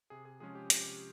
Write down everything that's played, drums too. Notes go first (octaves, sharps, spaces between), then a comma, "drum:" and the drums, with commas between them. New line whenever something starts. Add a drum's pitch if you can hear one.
C3 G#4
G#4
F3 G#3 C#4 G#4
G4
C3 G4, drum: hi-hat